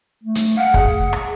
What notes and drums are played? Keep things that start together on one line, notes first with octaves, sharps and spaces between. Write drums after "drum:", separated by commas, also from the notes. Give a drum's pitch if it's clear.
A3
drum: hi-hat
F5 F#5
G#4, drum: kick
drum: rim click